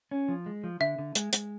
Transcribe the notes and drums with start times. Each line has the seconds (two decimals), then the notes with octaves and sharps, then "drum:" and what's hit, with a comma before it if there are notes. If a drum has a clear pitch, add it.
0.11 C#4
0.28 F3
0.46 G#3
0.64 F3
0.80 D3 E5
0.99 D3
1.15 G#3, drum: hi-hat
1.33 G#3, drum: hi-hat